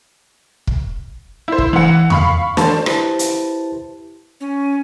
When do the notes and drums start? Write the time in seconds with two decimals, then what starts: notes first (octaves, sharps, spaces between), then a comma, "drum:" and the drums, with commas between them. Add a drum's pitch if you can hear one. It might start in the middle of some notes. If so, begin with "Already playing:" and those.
0.67 drum: kick
1.48 E4 C5
1.58 drum: kick
1.73 E3 F#5
2.10 F5 B5 C#6, drum: tom E2
2.57 C5 A5, drum: snare
2.86 E4 G4 B4 C5 A5, drum: rim click
3.19 drum: hi-hat
4.40 C#4